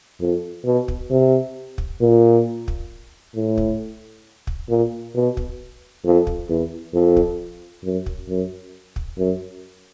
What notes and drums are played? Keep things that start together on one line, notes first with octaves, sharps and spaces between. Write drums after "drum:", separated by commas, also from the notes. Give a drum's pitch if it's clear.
F2
B2
drum: kick
C3
drum: kick
A#2
drum: kick
A2
drum: kick
drum: kick
A#2
B2
drum: kick
F2
drum: kick
E2
F2
drum: kick
F#2
drum: kick
F#2
drum: kick
F#2